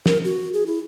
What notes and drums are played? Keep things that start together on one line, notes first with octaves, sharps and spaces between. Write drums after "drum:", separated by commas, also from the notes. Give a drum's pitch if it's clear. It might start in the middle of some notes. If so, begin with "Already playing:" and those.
A#4, drum: snare
F#4
G#4
E4